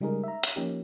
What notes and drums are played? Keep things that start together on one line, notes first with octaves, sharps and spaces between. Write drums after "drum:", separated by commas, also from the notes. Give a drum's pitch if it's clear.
C#3 G3 G#3 D#4 G#4 A#4
E5 A#5
drum: hi-hat
F3 A#3 C#4 D#4 G4